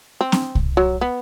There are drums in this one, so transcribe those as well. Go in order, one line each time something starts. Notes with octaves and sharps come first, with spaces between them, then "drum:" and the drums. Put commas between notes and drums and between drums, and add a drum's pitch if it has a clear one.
C4
drum: snare C4
drum: kick C2
F#3
B3